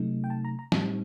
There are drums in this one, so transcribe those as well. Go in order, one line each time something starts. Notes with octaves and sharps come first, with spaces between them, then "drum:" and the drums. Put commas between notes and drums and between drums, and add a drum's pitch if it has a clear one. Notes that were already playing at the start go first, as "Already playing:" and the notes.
Already playing: C3 F#3 A3 D#4
G5
A5
A#5
A#5
A2 G3 C4 D#4 A5, drum: snare